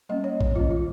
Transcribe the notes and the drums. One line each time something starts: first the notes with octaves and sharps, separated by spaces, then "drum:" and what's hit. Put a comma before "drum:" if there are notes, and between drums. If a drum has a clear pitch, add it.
G3 A#3 C#4 D#5
C#5
D#5, drum: kick A#1
D#3 G#3 C#4 F4
F4